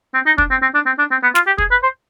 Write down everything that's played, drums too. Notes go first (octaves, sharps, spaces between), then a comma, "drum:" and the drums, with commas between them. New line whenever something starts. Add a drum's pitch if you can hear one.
C4
D#4
D4, drum: kick
C4
C4
D4
C4
D4
C4
B3
F4, drum: snare
G4
G#4, drum: kick
B4
C5